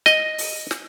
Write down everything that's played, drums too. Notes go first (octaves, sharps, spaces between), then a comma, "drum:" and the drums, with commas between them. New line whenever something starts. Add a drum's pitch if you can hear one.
D#5, drum: snare
drum: open hi-hat
drum: snare